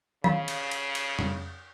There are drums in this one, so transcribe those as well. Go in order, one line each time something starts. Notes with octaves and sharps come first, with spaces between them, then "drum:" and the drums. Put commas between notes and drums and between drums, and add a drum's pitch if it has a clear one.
C#3 F5, drum: tom D#3
drum: cymbal
drum: cymbal
drum: cymbal
drum: tom